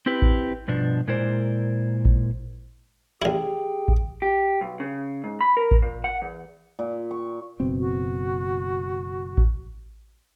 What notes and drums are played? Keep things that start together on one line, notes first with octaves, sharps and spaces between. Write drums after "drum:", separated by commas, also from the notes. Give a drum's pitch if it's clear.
C4 E4 G4 B4
drum: kick A1
G2 B2 F3 D4
A#2 G#3 E4 A#4 C5 D5
drum: kick A1
A1 E4 G4 G#4 G5
drum: kick A1
G4
B1
C#3
G#2
B5
A#4
drum: kick A1
A#2
F#5
E2
A#2
C#6
F#1 B2 C4
F#4
drum: kick A1